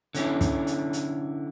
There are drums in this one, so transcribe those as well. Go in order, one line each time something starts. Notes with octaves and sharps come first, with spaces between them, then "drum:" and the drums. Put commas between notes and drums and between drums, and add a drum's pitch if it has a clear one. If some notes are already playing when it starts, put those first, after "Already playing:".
D3 C#4 E4, drum: hi-hat
drum: kick, hi-hat
drum: hi-hat
drum: hi-hat